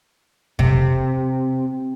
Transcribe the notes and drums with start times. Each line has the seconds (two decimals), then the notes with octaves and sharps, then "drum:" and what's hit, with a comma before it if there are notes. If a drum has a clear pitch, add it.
0.59 C3, drum: kick F2